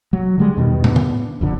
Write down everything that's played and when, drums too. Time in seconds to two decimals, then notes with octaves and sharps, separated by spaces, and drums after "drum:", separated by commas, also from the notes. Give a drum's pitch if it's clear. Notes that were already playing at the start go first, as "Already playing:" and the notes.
0.13 F#3
0.38 D3 G3 G#3
0.56 E2 G2 B2 D#3
0.84 B3 D4, drum: tom
0.96 drum: tom
1.41 D1 F2 D3